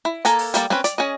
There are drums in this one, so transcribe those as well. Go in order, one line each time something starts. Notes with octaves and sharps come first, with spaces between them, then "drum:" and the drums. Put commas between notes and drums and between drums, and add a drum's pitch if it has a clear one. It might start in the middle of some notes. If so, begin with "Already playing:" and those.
E4
A#3 A4 G#5 A#5, drum: hi-hat
drum: open hi-hat
G3 A#3 A4, drum: hi-hat
C4 C#4 B4, drum: snare
D5, drum: hi-hat
C#4 G#4 D#5